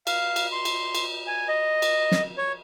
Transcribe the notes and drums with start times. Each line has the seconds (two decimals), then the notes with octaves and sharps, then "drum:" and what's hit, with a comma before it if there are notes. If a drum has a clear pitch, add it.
0.07 F5, drum: cymbal
0.36 drum: cymbal
0.52 C6
0.65 drum: cymbal
0.95 drum: cymbal
1.27 G#5
1.48 D#5
1.82 drum: cymbal
2.12 drum: snare
2.38 C#5